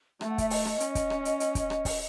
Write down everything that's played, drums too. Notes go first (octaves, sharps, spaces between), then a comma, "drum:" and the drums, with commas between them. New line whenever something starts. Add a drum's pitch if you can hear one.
A3 E5, drum: rim click
F#5
E5, drum: kick, hi-hat
D#5, drum: open hi-hat
drum: rim click
C#4, drum: hi-hat
drum: kick, hi-hat
drum: rim click
drum: hi-hat
drum: hi-hat
drum: kick, hi-hat
drum: rim click
drum: kick, open hi-hat